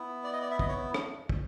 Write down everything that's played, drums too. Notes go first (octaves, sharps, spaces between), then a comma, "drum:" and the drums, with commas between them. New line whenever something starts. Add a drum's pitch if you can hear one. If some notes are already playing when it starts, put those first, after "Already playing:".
Already playing: B3 E4
D5
D#5
D5
E5
D#5, drum: kick
C#5
drum: rim click
drum: kick